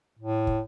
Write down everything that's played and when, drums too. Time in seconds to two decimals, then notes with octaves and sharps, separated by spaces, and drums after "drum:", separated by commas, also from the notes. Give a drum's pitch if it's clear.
0.19 A2
0.47 drum: kick